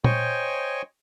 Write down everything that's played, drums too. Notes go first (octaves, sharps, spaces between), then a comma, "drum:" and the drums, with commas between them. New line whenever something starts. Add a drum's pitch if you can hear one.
C5 C#5 D#5 G5 G#5 C#6, drum: tom